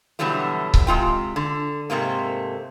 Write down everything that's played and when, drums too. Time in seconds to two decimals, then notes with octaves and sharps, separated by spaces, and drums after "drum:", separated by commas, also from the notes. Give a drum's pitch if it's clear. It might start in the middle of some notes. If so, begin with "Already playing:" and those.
0.19 B2 D3 E3 F#3 G3 A3
0.74 drum: kick C#1
0.87 C3 G#3 F4 G5
1.36 D3
1.90 G#2 C3 A3 A#3